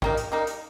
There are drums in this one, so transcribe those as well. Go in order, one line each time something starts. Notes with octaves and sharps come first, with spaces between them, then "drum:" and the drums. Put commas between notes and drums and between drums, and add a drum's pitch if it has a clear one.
G3 A#3 D#4, drum: kick
drum: hi-hat
G3 A#3 D#4
drum: hi-hat